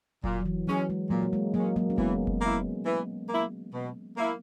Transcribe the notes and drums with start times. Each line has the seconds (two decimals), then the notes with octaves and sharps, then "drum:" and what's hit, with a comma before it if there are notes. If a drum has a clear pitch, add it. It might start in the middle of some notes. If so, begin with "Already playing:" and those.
0.24 A#2 F#3, drum: kick F1
0.40 F#3
0.45 E3
0.68 F#3 G#3 C#4
0.90 G#3
1.11 A#2 F#3 A#3
1.22 A#3
1.33 G#3
1.54 F#3 G#3 A#3 C#4
1.76 F#3 A#3
1.90 C#4
1.98 E3 G#3 B3, drum: kick F1
2.27 drum: kick F1
2.42 A#3 E4
2.85 E3
3.28 A#3
3.34 E4
3.73 B2
4.17 A#3 E4